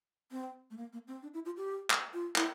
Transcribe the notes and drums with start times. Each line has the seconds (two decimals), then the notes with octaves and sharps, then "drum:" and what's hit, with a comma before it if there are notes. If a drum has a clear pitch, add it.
0.31 C4
0.70 A3
0.77 A#3
0.93 A#3
1.07 C4
1.22 D4
1.34 E4
1.45 F4
1.57 G4
1.90 drum: clap
2.13 F4
2.36 E4, drum: clap